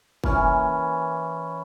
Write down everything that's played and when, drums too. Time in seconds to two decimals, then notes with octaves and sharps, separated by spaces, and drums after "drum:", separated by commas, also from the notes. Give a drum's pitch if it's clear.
0.24 E3 A#3 C#4, drum: kick